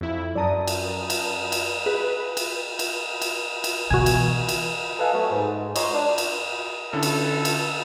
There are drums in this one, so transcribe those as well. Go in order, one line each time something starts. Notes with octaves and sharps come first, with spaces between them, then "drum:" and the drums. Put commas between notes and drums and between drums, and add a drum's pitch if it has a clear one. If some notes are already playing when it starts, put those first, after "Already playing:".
F2 E4
F#2 D5 A5 A#5 D#6
drum: cymbal
drum: cymbal
drum: cymbal
G#4 B4
drum: cymbal
drum: cymbal
drum: cymbal
drum: cymbal
B2 E3 F#4 G#5
drum: cymbal
drum: cymbal
A4 B4 D#5 F5 G#5
F#3 A3 B3
G#2
C#5 D#5 A#5 C6, drum: cymbal
D4
drum: cymbal
D3 C#4 E4 A4
drum: cymbal
drum: cymbal